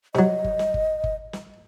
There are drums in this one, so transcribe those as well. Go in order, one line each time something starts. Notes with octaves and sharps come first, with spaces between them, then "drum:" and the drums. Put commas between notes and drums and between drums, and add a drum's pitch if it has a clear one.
C3 F#3 D#5, drum: snare
drum: kick G1
drum: snare
drum: kick G1
drum: kick G1
drum: snare